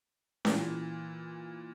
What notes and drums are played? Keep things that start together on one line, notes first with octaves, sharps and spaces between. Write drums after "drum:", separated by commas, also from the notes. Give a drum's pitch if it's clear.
A#2 E3, drum: snare C#4